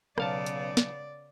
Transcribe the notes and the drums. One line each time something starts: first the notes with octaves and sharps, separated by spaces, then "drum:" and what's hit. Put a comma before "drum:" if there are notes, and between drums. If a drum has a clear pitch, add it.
B1 C#3 B3 D5 F5 A5, drum: rim click
drum: hi-hat
drum: snare